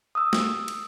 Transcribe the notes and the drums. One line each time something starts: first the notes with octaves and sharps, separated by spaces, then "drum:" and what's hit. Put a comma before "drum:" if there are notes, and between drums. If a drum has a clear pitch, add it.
D#6 E6
drum: snare
drum: cymbal